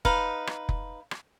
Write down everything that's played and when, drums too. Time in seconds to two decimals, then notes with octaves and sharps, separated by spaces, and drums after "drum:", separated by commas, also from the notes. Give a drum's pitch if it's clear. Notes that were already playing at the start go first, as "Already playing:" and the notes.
0.05 D#4 B4 F5, drum: kick F1
0.47 drum: rim click
0.69 drum: kick F1
1.11 drum: rim click